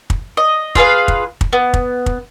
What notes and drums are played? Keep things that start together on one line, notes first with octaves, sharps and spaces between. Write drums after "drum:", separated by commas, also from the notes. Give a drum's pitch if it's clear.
drum: kick
D#5
F4 G#4 B4 F5, drum: kick
drum: kick
drum: kick
B3
drum: kick
drum: kick